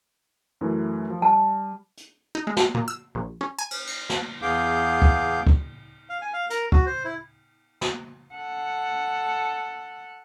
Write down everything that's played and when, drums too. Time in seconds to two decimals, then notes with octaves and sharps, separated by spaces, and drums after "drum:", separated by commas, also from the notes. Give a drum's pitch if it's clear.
0.61 F#2 E3 A3
1.10 F3
1.22 G3 A5
1.97 drum: hi-hat
2.35 D#4
2.47 G#3
2.57 drum: snare
2.75 A#2
2.88 E6
3.15 A#1
3.41 C#4
3.59 G#5
3.71 drum: cymbal
3.87 drum: cymbal
4.09 drum: snare
4.42 E2 B3 G#4 F5 D6 G6
5.02 drum: kick
5.47 drum: kick
6.09 F5
6.22 G#5
6.33 F5
6.50 A#4, drum: hi-hat
6.72 F#4, drum: kick
6.86 C5
7.05 E4
7.81 drum: snare
8.34 A4 F#5